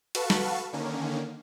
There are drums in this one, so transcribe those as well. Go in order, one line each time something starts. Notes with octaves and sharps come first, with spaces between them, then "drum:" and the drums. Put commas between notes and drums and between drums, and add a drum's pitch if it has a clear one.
F#4 A4 B4 F5 A5 C#6, drum: hi-hat
drum: snare
D3 D#3 A#3 C#4